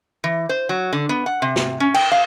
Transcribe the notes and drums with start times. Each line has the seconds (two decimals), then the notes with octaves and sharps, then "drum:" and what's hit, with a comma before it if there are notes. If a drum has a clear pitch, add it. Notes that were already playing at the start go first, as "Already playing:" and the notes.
0.24 E3
0.49 C5
0.69 F#3
0.93 D3
1.09 B3
1.26 F#5
1.42 C3
1.56 drum: snare
1.80 C#4
1.94 G5, drum: cymbal
2.12 F5